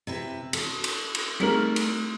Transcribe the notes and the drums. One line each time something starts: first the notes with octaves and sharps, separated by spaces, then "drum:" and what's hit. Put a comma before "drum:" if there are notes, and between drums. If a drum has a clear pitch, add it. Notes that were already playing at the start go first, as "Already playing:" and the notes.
C3 E4 B4
A4, drum: cymbal
drum: cymbal
drum: cymbal
G3 A3 C4 D#4 G#4 A#4
drum: cymbal